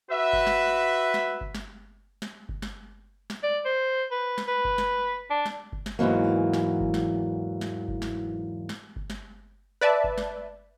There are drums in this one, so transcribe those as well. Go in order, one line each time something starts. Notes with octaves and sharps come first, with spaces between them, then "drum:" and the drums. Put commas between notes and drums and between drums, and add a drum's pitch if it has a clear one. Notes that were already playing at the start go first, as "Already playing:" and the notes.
F#4 B4 E5
drum: kick G1
drum: snare
drum: snare
drum: kick G1
drum: snare
drum: snare
drum: kick G1
drum: snare
drum: snare
D5
C5
B4
drum: snare
B4
drum: kick G1
drum: snare
D4
drum: snare
drum: kick G1
drum: snare
E2 G#2 E3 F#3 A#3
drum: snare
drum: kick G1
drum: snare
drum: snare
drum: kick G1
drum: snare
drum: snare
drum: kick G1
drum: snare
B4 D5 E5 A5
drum: kick G1
drum: snare